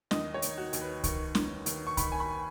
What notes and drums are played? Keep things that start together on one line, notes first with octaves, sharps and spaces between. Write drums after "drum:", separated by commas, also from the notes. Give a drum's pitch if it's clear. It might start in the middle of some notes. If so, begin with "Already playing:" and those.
D#2 D#5, drum: snare
C#5
D#2 D#4, drum: hi-hat
F#4
D#2, drum: hi-hat
B4
D#3 C#6, drum: kick C2, hi-hat
D#2, drum: snare
D#2, drum: hi-hat
C#6
D#3 B5, drum: kick C2, hi-hat
G#5
B5